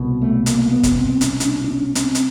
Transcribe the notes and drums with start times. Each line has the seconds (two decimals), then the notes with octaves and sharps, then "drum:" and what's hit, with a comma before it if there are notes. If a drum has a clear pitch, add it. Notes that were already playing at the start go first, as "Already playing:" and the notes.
Already playing: C2 B2
0.21 A3
0.46 A#3, drum: hi-hat
0.71 B3
0.83 drum: kick, hi-hat
0.95 C4
1.21 C#4, drum: hi-hat
1.40 C#4, drum: hi-hat
1.46 D4
1.64 D4
1.71 C#4
1.95 C4, drum: hi-hat
2.15 drum: hi-hat